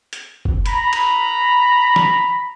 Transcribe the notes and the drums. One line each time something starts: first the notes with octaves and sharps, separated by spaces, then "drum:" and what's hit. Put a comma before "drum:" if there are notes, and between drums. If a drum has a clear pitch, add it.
drum: hi-hat
drum: kick
A#5 B5, drum: hi-hat
drum: cymbal
drum: snare